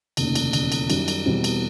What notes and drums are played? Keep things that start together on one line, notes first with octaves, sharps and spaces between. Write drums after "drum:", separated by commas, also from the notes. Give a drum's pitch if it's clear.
F1 D#2 C#3, drum: cymbal
drum: cymbal
E1 D#2 C#3, drum: cymbal
drum: cymbal
F#2 D#3 G3, drum: cymbal
drum: cymbal
E2 B2 G3 C4
drum: cymbal